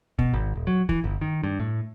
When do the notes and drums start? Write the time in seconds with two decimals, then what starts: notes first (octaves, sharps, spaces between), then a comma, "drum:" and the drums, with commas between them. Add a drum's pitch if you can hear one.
0.19 B2, drum: kick
0.33 G#1
0.56 D#1
0.67 F#3
0.89 E3, drum: kick
1.04 G1
1.21 D#3
1.43 G2
1.60 A2